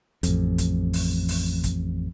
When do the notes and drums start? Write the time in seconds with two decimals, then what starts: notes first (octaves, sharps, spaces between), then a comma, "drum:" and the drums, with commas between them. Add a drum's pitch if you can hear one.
0.23 A1 F2, drum: hi-hat
0.58 drum: kick, hi-hat
0.93 drum: open hi-hat
1.28 drum: open hi-hat
1.64 drum: kick, hi-hat